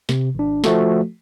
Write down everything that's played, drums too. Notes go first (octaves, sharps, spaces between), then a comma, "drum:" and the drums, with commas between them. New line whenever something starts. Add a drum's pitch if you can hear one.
C3, drum: snare
G#1 D4
F3 A3 F#4 A4, drum: snare